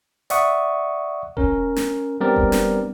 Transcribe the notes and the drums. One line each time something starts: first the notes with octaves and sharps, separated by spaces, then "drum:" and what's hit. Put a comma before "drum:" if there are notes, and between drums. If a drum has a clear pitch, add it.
D5 E5 F#5 C#6 D#6, drum: hi-hat
C#4 A#4, drum: kick E1
drum: snare
G3 B3 C4 D4 A#4 D5
drum: kick E1
drum: snare